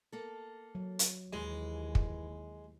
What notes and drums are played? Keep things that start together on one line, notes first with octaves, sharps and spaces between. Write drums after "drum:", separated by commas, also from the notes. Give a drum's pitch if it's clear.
A#3 A4
F#3
drum: hi-hat
D#2 E3 G#3
drum: kick